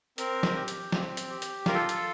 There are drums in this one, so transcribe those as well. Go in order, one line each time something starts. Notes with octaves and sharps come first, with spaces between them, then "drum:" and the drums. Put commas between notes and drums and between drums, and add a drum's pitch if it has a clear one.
C4 A#4, drum: hi-hat
drum: snare
G4
drum: hi-hat
C4, drum: snare
drum: hi-hat
G4
drum: hi-hat
F4 A#4, drum: snare
A4
A4, drum: hi-hat